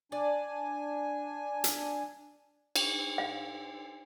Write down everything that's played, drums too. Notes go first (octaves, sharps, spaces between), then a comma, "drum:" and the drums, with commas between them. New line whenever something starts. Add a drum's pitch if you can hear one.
D4 D5 G#5
drum: hi-hat
drum: cymbal
F5